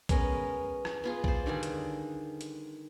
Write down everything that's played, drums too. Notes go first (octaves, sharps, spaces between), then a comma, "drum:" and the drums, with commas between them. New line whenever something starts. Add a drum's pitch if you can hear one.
G#3 B3 C#4 A#4, drum: kick B1, hi-hat
drum: rim click
B3 F4 G#4
C5 D5, drum: kick B1
D3 D#3 G3 G#4
drum: hi-hat
drum: hi-hat